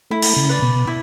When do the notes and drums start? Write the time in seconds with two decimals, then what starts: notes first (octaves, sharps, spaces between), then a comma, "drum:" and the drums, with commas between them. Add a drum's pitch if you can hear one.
0.11 A3 E4
0.22 drum: cymbal
0.37 C#3
0.49 B4 D5
0.62 B2
0.87 E4